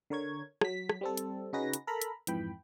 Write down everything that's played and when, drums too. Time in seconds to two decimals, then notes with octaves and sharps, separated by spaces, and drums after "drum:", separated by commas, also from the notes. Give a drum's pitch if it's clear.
0.10 D3 A#4 C#5 G#6
0.61 F#3 B6, drum: rim click
0.89 drum: rim click
1.01 G3 C4 A4
1.17 drum: hi-hat
1.53 C#3 D#4 F#4 G#4 B4 A#6
1.74 drum: hi-hat
1.87 A4 A#4 A#5 B5
2.02 drum: hi-hat
2.27 F2 G#2 E3 G5 B5, drum: hi-hat